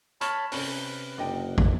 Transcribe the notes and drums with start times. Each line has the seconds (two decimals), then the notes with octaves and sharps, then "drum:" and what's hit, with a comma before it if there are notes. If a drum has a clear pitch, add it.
0.21 C#5 A5 B5 F6 E7, drum: hi-hat
0.52 C3 C#4 B4, drum: open hi-hat
1.18 F#1 D4 D#5 F#5 G5
1.58 drum: kick